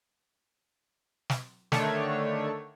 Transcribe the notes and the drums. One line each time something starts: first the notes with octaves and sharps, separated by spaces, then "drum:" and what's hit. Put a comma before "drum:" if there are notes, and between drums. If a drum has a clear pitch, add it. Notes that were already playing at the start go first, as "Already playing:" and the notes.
drum: snare
D3 D#3 A3 D4 C#5, drum: snare